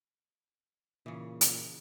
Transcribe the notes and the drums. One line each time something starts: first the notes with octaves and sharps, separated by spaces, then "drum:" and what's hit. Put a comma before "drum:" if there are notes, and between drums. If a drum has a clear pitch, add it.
A#2 C#3 E3
drum: hi-hat